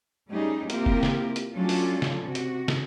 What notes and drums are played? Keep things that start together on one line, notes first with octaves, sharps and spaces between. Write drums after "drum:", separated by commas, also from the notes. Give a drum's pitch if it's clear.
G3 A3 C#4 D#4 G4 G#4
A#3 C4 E4 F4 G4 A#4, drum: hi-hat
drum: kick F1
drum: snare
drum: hi-hat
F#3 A3 C#4 D4 F4 A4
drum: open hi-hat
drum: snare
C3 F#4
drum: hi-hat
drum: snare